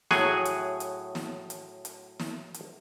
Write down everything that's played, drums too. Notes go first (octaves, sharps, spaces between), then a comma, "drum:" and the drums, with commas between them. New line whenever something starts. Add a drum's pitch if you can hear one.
A2 F#3 G#4 F#5 G#5, drum: snare
drum: hi-hat
drum: hi-hat
drum: snare
drum: hi-hat
drum: hi-hat
drum: snare
drum: hi-hat